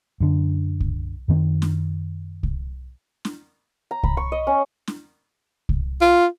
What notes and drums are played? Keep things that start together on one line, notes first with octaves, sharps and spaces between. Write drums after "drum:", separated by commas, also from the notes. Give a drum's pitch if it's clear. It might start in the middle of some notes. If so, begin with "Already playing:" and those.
F#2 D3
drum: kick C2
F#2 D#3 C4
drum: snare
drum: kick C2
drum: snare
A#5
B5, drum: kick C2
C#6
D#5
C#4
drum: snare
drum: kick C2
F4